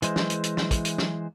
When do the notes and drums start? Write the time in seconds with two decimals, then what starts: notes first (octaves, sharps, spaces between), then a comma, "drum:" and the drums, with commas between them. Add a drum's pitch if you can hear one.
0.02 E3 G#3 C5, drum: hi-hat
0.16 drum: snare
0.30 drum: hi-hat
0.43 drum: hi-hat
0.57 drum: snare
0.71 drum: kick, hi-hat
0.85 drum: hi-hat
0.98 drum: snare